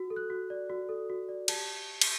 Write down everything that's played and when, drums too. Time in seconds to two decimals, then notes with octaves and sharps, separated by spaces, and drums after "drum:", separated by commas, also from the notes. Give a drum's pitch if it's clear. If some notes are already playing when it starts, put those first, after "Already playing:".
Already playing: F#4
0.10 A4
0.16 F#6
0.30 F#4
0.50 D5
0.70 F#4
0.89 A4
1.10 F#4
1.29 D5
1.48 G4 A5, drum: cymbal
2.01 drum: cymbal